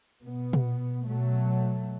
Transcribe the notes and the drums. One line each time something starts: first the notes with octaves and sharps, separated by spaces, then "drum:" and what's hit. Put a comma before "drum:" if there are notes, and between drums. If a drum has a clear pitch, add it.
B2 B3
drum: tom
B2 F#3 A3